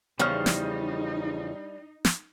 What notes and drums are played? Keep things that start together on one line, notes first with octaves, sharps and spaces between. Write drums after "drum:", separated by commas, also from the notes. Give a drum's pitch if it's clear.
E2 C#3 F3 G3 D#4 F6
drum: snare
drum: snare